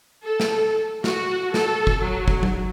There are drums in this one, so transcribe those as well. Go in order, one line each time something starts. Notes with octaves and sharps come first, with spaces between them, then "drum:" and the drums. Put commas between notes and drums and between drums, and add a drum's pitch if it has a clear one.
A4
drum: snare
F#4, drum: snare
A4, drum: snare
drum: kick
F#3
drum: kick
drum: tom F#3